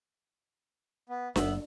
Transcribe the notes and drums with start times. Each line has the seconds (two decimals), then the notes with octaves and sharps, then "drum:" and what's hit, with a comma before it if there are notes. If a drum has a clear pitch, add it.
1.09 B3
1.36 F#1 B3 E5 B5, drum: snare D4